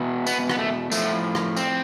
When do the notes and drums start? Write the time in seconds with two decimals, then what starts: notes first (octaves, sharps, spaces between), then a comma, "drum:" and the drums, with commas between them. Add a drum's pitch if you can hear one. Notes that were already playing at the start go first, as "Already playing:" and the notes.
Already playing: E2 B2
0.27 B3, drum: tambourine
0.49 B3, drum: rim click
0.58 A3
0.92 A2 F3 A3, drum: tambourine
1.35 drum: rim click
1.57 C4, drum: tambourine